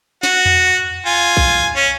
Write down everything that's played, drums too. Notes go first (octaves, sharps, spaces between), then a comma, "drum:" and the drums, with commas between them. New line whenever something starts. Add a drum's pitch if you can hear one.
F#4, drum: snare
drum: tom E2
F4 G#5
drum: kick A#1
C#4